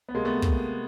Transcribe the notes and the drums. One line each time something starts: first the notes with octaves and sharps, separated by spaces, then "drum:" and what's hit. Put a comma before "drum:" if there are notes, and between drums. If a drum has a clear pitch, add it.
B3
C3 G#3 A#3
A3 B3
drum: kick